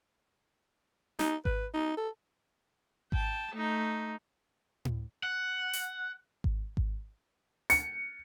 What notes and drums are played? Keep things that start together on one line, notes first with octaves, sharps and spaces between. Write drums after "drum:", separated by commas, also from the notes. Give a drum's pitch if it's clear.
D#4, drum: snare
B4, drum: kick G#1
D#4
A4
G5 A5, drum: kick G#1
A3 D#4
drum: tom A2
F#5
drum: open hi-hat
drum: kick G#1
drum: kick G#1
C#7, drum: open hi-hat